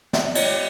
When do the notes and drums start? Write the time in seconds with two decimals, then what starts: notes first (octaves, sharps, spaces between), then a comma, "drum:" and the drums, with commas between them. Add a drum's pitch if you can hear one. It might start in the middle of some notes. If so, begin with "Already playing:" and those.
0.13 D5 E5, drum: snare
0.27 E5
0.35 C#5 D#5, drum: cymbal